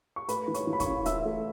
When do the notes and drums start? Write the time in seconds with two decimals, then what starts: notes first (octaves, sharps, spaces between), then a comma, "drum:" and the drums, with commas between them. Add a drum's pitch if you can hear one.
0.16 C#6
0.29 A3 B4 B5, drum: hi-hat
0.48 E3
0.54 C#5 C#6, drum: hi-hat
0.67 E3
0.73 B5
0.80 C#5 C#6, drum: kick, hi-hat
0.87 C#4
1.05 E3 E5 E6, drum: hi-hat
1.25 A3